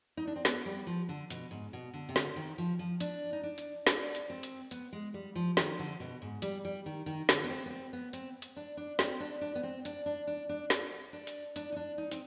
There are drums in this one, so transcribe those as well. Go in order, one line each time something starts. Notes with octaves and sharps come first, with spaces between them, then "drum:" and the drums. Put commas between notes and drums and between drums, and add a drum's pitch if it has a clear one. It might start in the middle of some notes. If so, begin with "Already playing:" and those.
D#4
D4
C4
B3, drum: snare
G3
F3
D3
B2, drum: hi-hat
G#2
B2
D3
C3
D3, drum: snare
D#3
F3
F3
D4, drum: hi-hat
D#4
D4
drum: hi-hat
D4, drum: snare
drum: hi-hat
C4
drum: hi-hat
B3, drum: hi-hat
G#3
G3
F3
D#3, drum: snare
D3
B2
G#2
G3, drum: hi-hat
G3
D#3
D#3
D3, drum: snare
B3
C4
B3
C4
B3
C4, drum: hi-hat
drum: hi-hat
D4
D4
C4, drum: snare
D4
D4
B3
C4
D4, drum: hi-hat
D4
D4
D4
drum: snare
D4
drum: hi-hat
D4, drum: hi-hat
D#4
D4
D#4
C4, drum: hi-hat